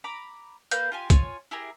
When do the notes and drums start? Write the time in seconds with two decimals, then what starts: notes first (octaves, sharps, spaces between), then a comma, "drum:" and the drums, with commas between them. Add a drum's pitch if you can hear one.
0.04 A#5 B5 D6
0.71 A#3 B4 F5 G6, drum: hi-hat
0.92 F4 G4 G#5
1.10 F4 C#5 G#5, drum: kick, hi-hat
1.51 E4 G4 G#4 A#4